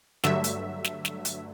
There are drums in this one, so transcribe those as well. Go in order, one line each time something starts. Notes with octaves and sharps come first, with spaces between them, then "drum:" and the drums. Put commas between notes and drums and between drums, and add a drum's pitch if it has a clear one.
G2 D3 F#3 A3 E5, drum: snare
drum: hi-hat
drum: snare
drum: snare
drum: hi-hat